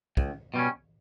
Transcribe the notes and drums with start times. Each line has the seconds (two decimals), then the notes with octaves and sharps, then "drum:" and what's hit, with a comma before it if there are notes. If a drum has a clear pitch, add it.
0.17 C#2, drum: kick
0.54 B2 G3 C#4